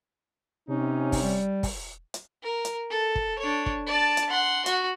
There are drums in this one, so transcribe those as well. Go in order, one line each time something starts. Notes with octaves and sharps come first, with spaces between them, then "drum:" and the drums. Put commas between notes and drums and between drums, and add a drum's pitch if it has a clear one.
C3 C#4 D#4
drum: kick, open hi-hat
G3
drum: kick, open hi-hat
drum: hi-hat
A#4
drum: hi-hat
A4
drum: kick
D4 C#5
drum: kick
D5 A5
drum: hi-hat
F#5 C6
F#4, drum: hi-hat